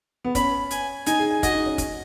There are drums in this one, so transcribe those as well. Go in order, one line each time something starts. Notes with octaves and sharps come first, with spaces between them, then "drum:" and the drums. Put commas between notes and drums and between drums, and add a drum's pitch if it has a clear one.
B3
C#4 B5, drum: kick, hi-hat
G#5, drum: hi-hat
D#4 G#5, drum: hi-hat
G#4
G#4
F#4 D#5, drum: kick, hi-hat
D#4
C#4
drum: kick, hi-hat